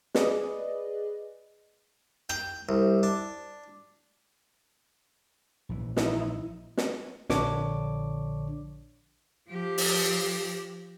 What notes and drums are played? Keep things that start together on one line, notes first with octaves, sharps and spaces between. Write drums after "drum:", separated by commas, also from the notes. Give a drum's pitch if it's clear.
G#4 B4 D5 D#5, drum: snare
G5, drum: rim click
C2
D4
A#1 E3
D#4 E4, drum: snare
drum: snare
A#1 D3 D4 C#5 D6, drum: snare
F3 G4
drum: open hi-hat